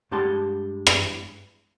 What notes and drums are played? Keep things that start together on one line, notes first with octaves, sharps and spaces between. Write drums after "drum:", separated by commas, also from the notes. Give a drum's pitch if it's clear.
G2 G#3 G4 F#5 A5 C6
drum: rim click